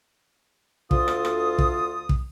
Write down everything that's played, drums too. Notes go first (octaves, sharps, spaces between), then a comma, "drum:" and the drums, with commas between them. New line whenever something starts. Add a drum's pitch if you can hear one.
D2 F4 A4 D#6, drum: kick
drum: rim click
drum: rim click
drum: kick
drum: kick